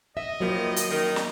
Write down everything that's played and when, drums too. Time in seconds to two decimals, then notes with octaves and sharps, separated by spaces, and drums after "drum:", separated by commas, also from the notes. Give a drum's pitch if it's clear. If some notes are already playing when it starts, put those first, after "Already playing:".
0.17 D#5 E5
0.40 E2 D#3 F3 F#3 A#3
0.76 drum: hi-hat
0.90 F#2 D#3
1.16 drum: snare